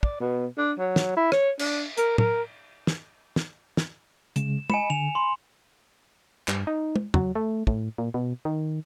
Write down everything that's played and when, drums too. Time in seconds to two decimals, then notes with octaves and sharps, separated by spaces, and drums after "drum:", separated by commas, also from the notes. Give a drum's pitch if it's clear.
0.03 D5, drum: kick
0.20 B2
0.58 D4
0.78 F#3
0.96 drum: snare
1.17 E4
1.32 C#5, drum: rim click
1.59 D4, drum: cymbal
1.97 A#4, drum: hi-hat
2.18 A#4, drum: tom
2.87 drum: snare
3.36 drum: snare
3.77 drum: snare
4.36 C#3 G#3 E7, drum: hi-hat
4.70 D#5 G#5 B5 C#7 E7, drum: tom
4.90 D3 F7
5.15 B5 C6
6.48 G2, drum: clap
6.67 D#4
6.96 drum: tom
7.14 F#3, drum: tom
7.35 A3
7.67 A2, drum: kick
7.98 A#2
8.14 B2
8.45 D#3